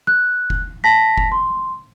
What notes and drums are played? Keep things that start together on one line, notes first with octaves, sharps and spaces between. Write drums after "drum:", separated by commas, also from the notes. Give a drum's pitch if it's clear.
F#6
drum: kick F1
A5 A#6 B6
drum: kick F1
C6